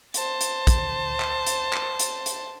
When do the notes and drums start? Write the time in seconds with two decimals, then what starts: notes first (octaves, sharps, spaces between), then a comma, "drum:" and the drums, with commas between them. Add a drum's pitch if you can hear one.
0.14 C5 A5, drum: hi-hat
0.41 drum: hi-hat
0.67 drum: kick, hi-hat
1.20 drum: clap
1.47 drum: hi-hat
1.73 drum: clap
1.99 drum: hi-hat
2.26 drum: hi-hat